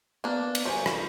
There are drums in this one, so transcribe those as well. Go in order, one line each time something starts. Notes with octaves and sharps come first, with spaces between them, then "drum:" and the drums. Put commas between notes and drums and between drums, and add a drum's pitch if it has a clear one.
A#3 B3 D4
drum: cymbal
G1 F#3 C5 G#5
drum: rim click